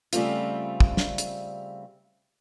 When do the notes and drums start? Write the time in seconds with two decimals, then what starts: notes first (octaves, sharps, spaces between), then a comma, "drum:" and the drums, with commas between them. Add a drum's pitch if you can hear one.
0.13 C#3 G3 A3 C4 F4, drum: hi-hat
0.80 drum: kick
0.97 drum: snare
1.18 drum: hi-hat